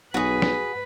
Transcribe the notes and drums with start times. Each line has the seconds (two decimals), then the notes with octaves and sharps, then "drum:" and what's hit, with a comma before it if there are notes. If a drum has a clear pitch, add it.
0.14 B1 F#4 G#4 B4
0.42 drum: snare